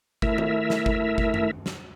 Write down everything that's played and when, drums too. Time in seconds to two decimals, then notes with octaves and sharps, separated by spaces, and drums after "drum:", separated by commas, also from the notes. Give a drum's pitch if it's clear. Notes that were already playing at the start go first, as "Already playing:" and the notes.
0.22 A3 E4 A#4 E5, drum: kick G1
0.38 drum: tom
0.70 drum: snare
0.86 drum: kick G1
1.18 drum: kick G1
1.34 drum: tom F#2
1.66 drum: snare